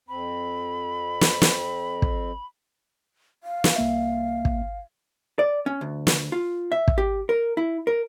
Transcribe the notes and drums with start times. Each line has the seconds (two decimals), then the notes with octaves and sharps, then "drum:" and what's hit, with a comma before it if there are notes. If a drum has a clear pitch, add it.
0.08 F2 C4 B5
1.21 drum: snare
1.42 drum: snare
2.02 drum: kick
3.43 F5
3.64 drum: snare
3.76 C2 A#3 E5
4.45 drum: kick
5.39 D5
5.66 C#4
5.81 D2
6.07 drum: snare
6.32 F4
6.72 E5
6.88 drum: kick
6.98 G4
7.29 A#4
7.57 E4
7.87 A#4